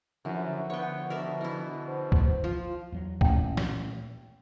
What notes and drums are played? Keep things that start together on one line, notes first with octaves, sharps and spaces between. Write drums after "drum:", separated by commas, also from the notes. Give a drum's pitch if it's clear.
F#2 D3 F3 E4
B3 C#5 G5
B2 A#4 D5 E5
E3 E4
C5
drum: kick
F3
E2 F#3
A1 A#2 G5, drum: kick
drum: snare